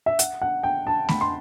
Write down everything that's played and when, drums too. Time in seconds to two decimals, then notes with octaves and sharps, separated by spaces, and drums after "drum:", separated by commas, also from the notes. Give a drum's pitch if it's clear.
0.06 E5
0.19 F#5, drum: hi-hat
0.42 F#5
0.63 G5
0.87 A5
1.09 B5, drum: snare A3
1.21 C6